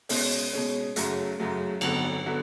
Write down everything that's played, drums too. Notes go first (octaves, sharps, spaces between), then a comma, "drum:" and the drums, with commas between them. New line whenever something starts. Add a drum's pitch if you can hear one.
B2 G#3 C#4, drum: open hi-hat
B2 G#3 C#4
F#2 C#3 F#3 A3, drum: hi-hat
F#2 C#3 F#3 A3
G1 F2 D3 F#3 B3, drum: cymbal
D3 F#3 B3